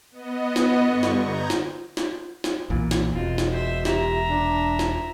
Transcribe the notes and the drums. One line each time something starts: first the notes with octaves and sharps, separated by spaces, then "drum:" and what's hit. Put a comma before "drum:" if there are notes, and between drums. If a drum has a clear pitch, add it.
B3 D#5
drum: snare
G2 D3 C#6
drum: snare
A#5 G6 G#6 A#6
drum: snare
drum: snare
drum: snare
B1 A#2 E3
drum: snare
E1 B2 C4 F4
drum: snare
C5 E5
C3 E5 A#5, drum: snare
D4
drum: snare